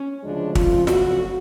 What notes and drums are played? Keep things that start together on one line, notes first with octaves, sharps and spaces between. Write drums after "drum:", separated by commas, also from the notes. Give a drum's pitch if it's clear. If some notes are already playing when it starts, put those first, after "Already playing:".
Already playing: C#4
D2 C#3 F3 G#3 D4
F2 C#3 F3 A3 F4, drum: kick
F2 C#3 F#3 A3 F#4, drum: snare